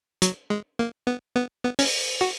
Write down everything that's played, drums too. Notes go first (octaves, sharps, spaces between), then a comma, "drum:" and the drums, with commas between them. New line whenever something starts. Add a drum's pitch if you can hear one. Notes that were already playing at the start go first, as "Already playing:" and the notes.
F#3, drum: hi-hat
G#3
A#3
B3
B3
B3
C#4, drum: open hi-hat
F#4